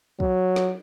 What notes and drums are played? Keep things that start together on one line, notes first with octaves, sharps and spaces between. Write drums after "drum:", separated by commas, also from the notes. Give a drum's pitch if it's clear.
F#3, drum: kick
drum: snare